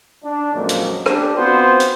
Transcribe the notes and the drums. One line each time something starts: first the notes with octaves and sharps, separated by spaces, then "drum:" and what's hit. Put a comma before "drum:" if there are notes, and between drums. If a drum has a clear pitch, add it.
D4
F2 A#2 C#3 F#3 G#3 A#3
drum: hi-hat
D4 G4, drum: rim click
B3 C4 F4 F#4 C5
drum: hi-hat